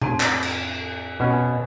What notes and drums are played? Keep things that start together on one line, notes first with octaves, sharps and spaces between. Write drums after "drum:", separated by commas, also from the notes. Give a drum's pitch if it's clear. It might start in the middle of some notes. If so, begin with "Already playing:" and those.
F2 A2 C4, drum: tom C3
drum: clap
drum: cymbal
B2 C#4